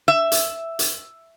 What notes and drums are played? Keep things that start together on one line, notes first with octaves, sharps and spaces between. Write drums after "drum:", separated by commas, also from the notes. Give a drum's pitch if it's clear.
E5
drum: hi-hat
drum: hi-hat